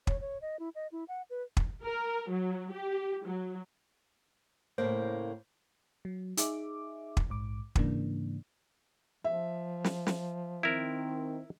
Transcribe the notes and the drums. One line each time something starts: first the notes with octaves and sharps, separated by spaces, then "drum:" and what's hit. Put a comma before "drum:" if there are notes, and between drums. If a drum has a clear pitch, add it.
C#5, drum: kick
C#5
D#5
E4
D#5
E4
F#5
B4
drum: kick
A#4
F#3
G4
F#3
A2 C#3 A#3 C5
F#3
D#4 G#4 E5 D6, drum: hi-hat
drum: kick
A#1 G#2 D6
G#2 C#3 E3 A#3 D4, drum: kick
F3 E5
drum: snare
drum: snare
D#3 C4 E4 A#4